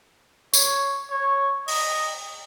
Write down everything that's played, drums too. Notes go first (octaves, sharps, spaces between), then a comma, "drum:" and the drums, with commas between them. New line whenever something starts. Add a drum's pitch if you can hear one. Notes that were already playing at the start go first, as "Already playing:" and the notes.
C#5, drum: tambourine
C#5
D#5, drum: open hi-hat